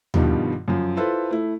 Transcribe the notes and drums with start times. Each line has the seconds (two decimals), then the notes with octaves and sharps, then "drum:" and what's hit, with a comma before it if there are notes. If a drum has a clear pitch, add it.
0.14 G2 B2 D#3 F3 G3, drum: tom D#2
0.68 F#2 F3
0.97 E4 F4 A4 B4 C5
1.31 A3 E4